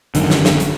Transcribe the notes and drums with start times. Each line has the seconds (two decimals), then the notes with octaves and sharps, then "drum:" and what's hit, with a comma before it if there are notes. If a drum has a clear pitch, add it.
0.15 G#1 F#2 D3 D#3, drum: hi-hat
0.30 drum: snare
0.45 drum: snare
0.60 drum: hi-hat